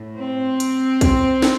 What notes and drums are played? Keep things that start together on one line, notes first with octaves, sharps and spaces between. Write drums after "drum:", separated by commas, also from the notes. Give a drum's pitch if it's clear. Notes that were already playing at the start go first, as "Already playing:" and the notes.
Already playing: A2
C4
drum: hi-hat
drum: kick, hi-hat
drum: snare